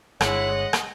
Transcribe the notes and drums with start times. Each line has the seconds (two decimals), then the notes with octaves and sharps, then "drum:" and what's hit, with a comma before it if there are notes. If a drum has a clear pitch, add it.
0.21 G1 G#3 E4 C#5 F#5, drum: rim click
0.52 D#5
0.73 drum: rim click